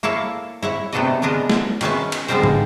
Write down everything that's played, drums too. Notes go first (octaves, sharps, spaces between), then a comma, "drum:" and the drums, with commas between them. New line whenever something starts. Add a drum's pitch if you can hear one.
A#3 E4 A4 C#5 F5 A5
E4 C#5 F#5
C3 A3 B3 D4 A4 D#5
G#3 B3 D4 A#4 D#5
drum: snare
D#3 G#3 C#4 B4 E5 A5, drum: cymbal
drum: cymbal
D3 F3 G3 G#3 A#4 C5
drum: tom